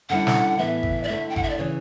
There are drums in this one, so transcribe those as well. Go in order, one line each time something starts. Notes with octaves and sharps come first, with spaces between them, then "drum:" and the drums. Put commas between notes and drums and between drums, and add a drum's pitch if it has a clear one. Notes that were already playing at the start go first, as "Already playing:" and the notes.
D3 G3 C#4 E4 F#5
drum: snare
A2 E3 B3 E4 E5
drum: kick G#1
D5
D3 A3 E4 E5
G5
F#5, drum: kick G#1
E5
D5
C#3 E3 C#5